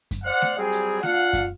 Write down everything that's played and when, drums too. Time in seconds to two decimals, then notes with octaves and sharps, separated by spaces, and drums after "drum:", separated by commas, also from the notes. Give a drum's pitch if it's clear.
0.11 drum: kick F#2, hi-hat
0.24 C5 D5 F5 F#5
0.42 drum: snare A3
0.58 F#3 G3 C4 G#4
0.72 drum: hi-hat
1.03 D4 F4 F5 F#5, drum: snare A3
1.33 drum: kick F#2, hi-hat